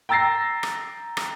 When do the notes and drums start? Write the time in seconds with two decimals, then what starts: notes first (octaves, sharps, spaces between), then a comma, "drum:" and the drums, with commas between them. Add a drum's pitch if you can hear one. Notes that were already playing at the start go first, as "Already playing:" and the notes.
0.09 G5 A#5 E6 A6 A#6 C7
0.63 drum: rim click
1.17 drum: rim click